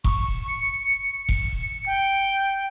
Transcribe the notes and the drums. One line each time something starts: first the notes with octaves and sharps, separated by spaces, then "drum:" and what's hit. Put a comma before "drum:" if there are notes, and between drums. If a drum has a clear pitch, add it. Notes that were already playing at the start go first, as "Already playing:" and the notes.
C#6, drum: kick F1
C#7
drum: kick F1
C#7
G5